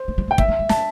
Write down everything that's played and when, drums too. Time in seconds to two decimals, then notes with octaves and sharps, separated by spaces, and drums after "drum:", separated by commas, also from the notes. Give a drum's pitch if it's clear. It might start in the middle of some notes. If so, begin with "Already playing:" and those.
Already playing: C5
0.08 A3
0.18 G3
0.28 E3
0.31 G5
0.38 A3 E5, drum: kick
0.49 A3
0.59 G3
0.69 A3 A5, drum: snare